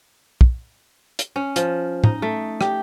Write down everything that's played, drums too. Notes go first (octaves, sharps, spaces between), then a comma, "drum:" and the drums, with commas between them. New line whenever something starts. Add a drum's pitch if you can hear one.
drum: kick
drum: hi-hat
C#4
F3, drum: hi-hat
D#4, drum: tom
A3
G4, drum: rim click